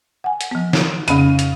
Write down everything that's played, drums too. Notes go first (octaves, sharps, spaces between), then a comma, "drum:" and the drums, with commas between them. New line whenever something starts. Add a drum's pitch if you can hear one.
F#5 G#5
drum: hi-hat
F3 B3
drum: snare
F2 C#3 B5 D#7, drum: hi-hat
drum: hi-hat